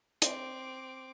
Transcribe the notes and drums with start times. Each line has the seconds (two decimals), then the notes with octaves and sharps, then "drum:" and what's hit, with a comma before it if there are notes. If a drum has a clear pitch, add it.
0.22 C4 D6, drum: hi-hat